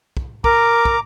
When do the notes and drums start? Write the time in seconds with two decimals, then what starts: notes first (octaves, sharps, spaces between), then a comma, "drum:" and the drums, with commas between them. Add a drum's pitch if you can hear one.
0.17 drum: kick
0.44 A#4 A#5 D6, drum: kick
0.85 drum: kick